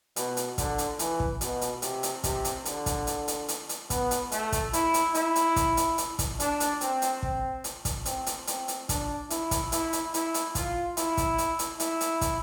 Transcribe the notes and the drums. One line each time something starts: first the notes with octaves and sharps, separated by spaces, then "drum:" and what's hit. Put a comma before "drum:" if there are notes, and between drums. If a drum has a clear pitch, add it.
B2, drum: hi-hat
drum: hi-hat
D3, drum: kick, hi-hat
drum: hi-hat
E3, drum: hi-hat
drum: kick
B2, drum: hi-hat
drum: hi-hat
C3, drum: hi-hat
drum: hi-hat
C3, drum: kick, hi-hat
drum: hi-hat
D3, drum: hi-hat
drum: kick, hi-hat
drum: hi-hat
drum: hi-hat
drum: hi-hat
drum: hi-hat
B3, drum: kick, hi-hat
drum: hi-hat
A3, drum: hi-hat
drum: kick, hi-hat
E4, drum: hi-hat
drum: hi-hat
E4, drum: hi-hat
drum: hi-hat
drum: kick, hi-hat
drum: hi-hat
drum: hi-hat
drum: kick, hi-hat
D4, drum: hi-hat
drum: hi-hat
C4, drum: hi-hat
drum: hi-hat
C4, drum: kick
drum: hi-hat
drum: kick, hi-hat
C4, drum: hi-hat
drum: hi-hat
C4, drum: hi-hat
drum: hi-hat
D4, drum: kick, hi-hat
E4, drum: hi-hat
drum: kick, hi-hat
E4, drum: hi-hat
drum: hi-hat
E4, drum: hi-hat
drum: hi-hat
F4, drum: kick, hi-hat
E4, drum: hi-hat
drum: kick, hi-hat
drum: hi-hat
drum: hi-hat
E4, drum: hi-hat
drum: hi-hat
drum: kick, hi-hat